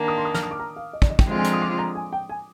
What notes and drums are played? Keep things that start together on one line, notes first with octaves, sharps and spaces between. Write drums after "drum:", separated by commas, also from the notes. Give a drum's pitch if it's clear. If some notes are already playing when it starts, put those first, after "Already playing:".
Already playing: D#3 A#3 D4
D#6
C6
D#6
F6, drum: snare
D#6
D6
A#5
F5
D#5
D5, drum: kick
D#5
G5, drum: kick
D3 F3 G#3 C4 F4
G#5
A#5, drum: hi-hat
D#6
D6
A#5
G#5
G5
G#5